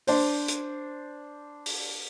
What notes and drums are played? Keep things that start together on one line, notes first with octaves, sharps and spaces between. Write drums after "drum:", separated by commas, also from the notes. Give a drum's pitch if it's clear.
D4 C5, drum: open hi-hat
drum: hi-hat
drum: open hi-hat